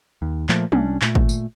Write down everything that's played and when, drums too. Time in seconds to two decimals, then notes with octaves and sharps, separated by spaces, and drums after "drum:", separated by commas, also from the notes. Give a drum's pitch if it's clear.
0.22 D#2
0.49 A#2 F3 A3, drum: clap
0.72 C2 G3 C#4 D4, drum: tom
1.02 A#2 A3, drum: clap
1.15 drum: kick G#1
1.29 drum: tambourine